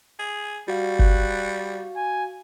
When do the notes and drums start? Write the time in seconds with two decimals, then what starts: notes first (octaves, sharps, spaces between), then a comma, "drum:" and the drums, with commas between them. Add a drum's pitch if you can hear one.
0.19 G#4
0.68 G3 F#4 F5
0.99 F#6, drum: kick F#1
1.96 G#5